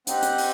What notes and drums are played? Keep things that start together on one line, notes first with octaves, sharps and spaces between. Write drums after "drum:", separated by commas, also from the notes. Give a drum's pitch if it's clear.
C4 D#4 G4 F#5 F#6, drum: hi-hat
drum: hi-hat
drum: open hi-hat